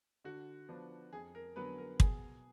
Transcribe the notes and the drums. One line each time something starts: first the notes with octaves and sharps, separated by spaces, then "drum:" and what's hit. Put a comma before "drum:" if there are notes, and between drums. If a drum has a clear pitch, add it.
D3 F#4
F3 B3 D4
F2 G#4
A#4
D3 F#3 B3 B4
A#4
B2 G#4, drum: kick